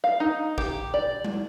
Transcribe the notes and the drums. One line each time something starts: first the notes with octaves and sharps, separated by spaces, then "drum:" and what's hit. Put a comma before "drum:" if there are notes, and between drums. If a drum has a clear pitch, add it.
F5
D#4
G4, drum: kick
D5
drum: tom G3